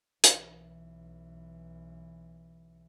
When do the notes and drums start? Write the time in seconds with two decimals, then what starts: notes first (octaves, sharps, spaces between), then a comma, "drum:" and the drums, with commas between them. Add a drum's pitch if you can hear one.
0.24 B1 E3, drum: hi-hat